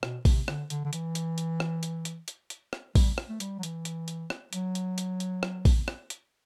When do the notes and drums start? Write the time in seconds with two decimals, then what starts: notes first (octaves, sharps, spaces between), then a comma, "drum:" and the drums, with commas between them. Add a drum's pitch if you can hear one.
0.03 B2, drum: rim click
0.25 C3, drum: kick, open hi-hat
0.48 D3, drum: rim click
0.70 D3, drum: hi-hat
0.85 D3
0.93 E3, drum: hi-hat
1.15 drum: hi-hat
1.38 drum: hi-hat
1.60 drum: rim click
1.83 drum: hi-hat
2.05 drum: hi-hat
2.28 drum: hi-hat
2.50 drum: hi-hat
2.73 drum: rim click
2.95 G3, drum: kick, open hi-hat
3.18 drum: rim click
3.29 A3
3.40 G3, drum: hi-hat
3.59 F#3
3.63 E3, drum: hi-hat
3.85 drum: hi-hat
4.08 drum: hi-hat
4.30 drum: rim click
4.53 F#3, drum: hi-hat
4.75 drum: hi-hat
4.98 drum: hi-hat
5.20 drum: hi-hat
5.43 drum: rim click
5.65 drum: kick, open hi-hat
5.88 drum: rim click
6.10 drum: hi-hat